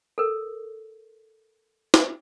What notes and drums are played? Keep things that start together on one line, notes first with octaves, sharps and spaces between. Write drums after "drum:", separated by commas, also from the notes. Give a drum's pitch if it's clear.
A4 A#4
drum: snare